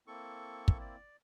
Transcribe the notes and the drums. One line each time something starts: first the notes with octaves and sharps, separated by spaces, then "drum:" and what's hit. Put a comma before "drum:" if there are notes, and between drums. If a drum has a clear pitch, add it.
A#3 C4 E4 A4 C#6
drum: kick
D5